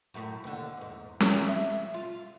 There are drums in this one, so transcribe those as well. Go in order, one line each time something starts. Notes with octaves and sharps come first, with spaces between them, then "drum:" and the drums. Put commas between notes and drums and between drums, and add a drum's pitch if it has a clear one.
F#2 A2
D#2 D3
E2 G#2
C4 E4 F4, drum: snare C#4
E5
F4